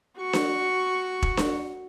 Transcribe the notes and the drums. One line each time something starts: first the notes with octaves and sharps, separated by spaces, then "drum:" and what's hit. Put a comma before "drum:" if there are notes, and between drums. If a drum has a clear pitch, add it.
F#4 C#6
drum: snare D4
drum: kick E1
drum: snare D4